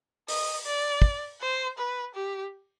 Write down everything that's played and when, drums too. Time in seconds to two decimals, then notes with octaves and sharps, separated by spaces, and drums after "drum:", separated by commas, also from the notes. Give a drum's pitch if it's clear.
0.28 D#5, drum: open hi-hat
0.66 D5
1.02 drum: kick
1.41 C5
1.78 B4
2.15 G4